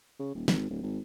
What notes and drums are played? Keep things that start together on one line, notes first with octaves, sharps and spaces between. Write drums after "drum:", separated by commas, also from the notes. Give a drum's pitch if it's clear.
C#3
D#1
G#1, drum: snare
D1
G#1